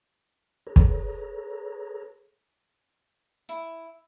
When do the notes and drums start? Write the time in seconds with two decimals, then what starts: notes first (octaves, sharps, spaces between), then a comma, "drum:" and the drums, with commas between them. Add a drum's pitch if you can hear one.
0.67 G#4 A4 B4 C#5 A#5
0.76 drum: kick
3.49 E4